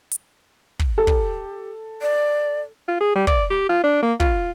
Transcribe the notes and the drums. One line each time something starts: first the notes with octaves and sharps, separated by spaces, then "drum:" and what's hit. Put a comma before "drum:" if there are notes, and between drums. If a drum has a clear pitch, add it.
drum: hi-hat
drum: kick
G4 A4
drum: kick
D5
F4
G#4
G3
D5, drum: kick
G4
F4
D4
A#3
F4, drum: kick